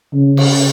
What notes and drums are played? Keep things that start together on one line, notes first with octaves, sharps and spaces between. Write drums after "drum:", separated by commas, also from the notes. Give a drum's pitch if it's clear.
C#3
drum: cymbal